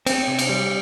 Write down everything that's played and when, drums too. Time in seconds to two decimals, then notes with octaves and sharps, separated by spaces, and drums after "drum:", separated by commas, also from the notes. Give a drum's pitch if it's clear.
0.07 C4, drum: cymbal
0.28 C3
0.39 drum: cymbal
0.49 G3